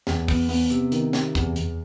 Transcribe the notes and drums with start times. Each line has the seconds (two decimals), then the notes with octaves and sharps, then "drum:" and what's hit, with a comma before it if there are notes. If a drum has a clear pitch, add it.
0.07 E2, drum: snare
0.28 B3, drum: kick, open hi-hat
0.49 B3, drum: open hi-hat
0.70 C3, drum: hi-hat
0.92 D#3, drum: hi-hat
1.13 C3, drum: snare
1.35 E2, drum: kick, hi-hat
1.56 E2, drum: hi-hat